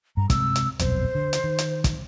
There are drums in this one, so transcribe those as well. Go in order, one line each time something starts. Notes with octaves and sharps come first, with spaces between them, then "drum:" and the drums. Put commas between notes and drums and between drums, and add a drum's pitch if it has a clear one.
G2 A#5
C3 G#3 E6, drum: kick, hi-hat
drum: hi-hat
D#1 B1 F2 C5, drum: hi-hat
D3
drum: hi-hat
D#3
drum: hi-hat
drum: kick, hi-hat